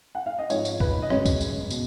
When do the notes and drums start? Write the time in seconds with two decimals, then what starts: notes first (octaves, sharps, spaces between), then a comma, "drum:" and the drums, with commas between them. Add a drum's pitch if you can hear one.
0.15 F#5
0.26 F5
0.39 D#5
0.50 G#2 F3 G#3 C#5, drum: tambourine
0.65 drum: tambourine
0.80 B4, drum: kick
1.02 D#5
1.10 F#2 C#3 G#3 C#5, drum: rim click
1.26 drum: kick, tambourine
1.41 drum: tambourine
1.71 B2, drum: tambourine